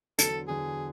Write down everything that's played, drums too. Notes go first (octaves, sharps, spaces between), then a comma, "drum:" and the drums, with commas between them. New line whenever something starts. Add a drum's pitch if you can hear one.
E2 D3 F#3 A4, drum: hi-hat
E2 D3 F#3 G#4